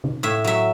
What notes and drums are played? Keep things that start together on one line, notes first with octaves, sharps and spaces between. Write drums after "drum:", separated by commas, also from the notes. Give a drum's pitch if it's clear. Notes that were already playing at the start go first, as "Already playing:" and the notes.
drum: tom C#3
A2 E5
F#3 E5